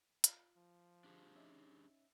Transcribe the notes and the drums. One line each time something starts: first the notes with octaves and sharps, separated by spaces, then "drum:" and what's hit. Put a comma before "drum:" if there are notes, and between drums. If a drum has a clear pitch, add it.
F4, drum: hi-hat
F3
D4 G4 G#4
C#4 D#4 E5